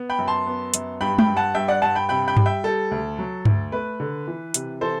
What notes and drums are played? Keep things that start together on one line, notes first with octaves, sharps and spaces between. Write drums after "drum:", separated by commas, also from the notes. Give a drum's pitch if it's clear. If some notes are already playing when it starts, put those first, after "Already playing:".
Already playing: B3
G5 B5
F#2
A5 C6
B3
F#2, drum: hi-hat
G2 G5 B5
G5 B5, drum: tom G#3
G2
F#5 A5
G2 E5 G5
D5 F#5
G2 F#5 A5
G5 B5
C3 G5 B5
G5 B5
G3, drum: tom G2
E5 G5
G3 A4
D2
F#3
D2, drum: tom G2
A3 B4
D3
E3
C3, drum: hi-hat
E3 A4 C5